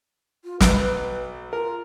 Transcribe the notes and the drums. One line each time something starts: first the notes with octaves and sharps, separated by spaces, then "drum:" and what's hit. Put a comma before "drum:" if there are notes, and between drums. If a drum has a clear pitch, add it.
F4
B1 B4, drum: snare
F4 A#4